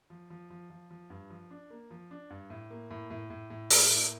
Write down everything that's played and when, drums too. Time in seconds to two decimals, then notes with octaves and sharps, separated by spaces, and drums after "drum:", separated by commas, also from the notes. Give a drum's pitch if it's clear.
0.10 F3
0.30 F3
0.50 F3
0.70 F3
0.91 F3
1.10 G2
1.30 F3
1.51 D4
1.70 A#3
1.91 F3
2.11 D4
2.30 G2
2.50 A2
2.70 A#3
2.91 A2
3.10 A2
3.30 A2
3.50 A2
3.70 A#3, drum: open hi-hat
3.90 A2